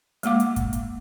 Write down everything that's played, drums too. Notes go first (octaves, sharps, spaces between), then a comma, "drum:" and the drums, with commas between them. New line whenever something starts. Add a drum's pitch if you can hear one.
G#3 A#3 F#5 D6, drum: hi-hat
drum: hi-hat
drum: kick, hi-hat
drum: hi-hat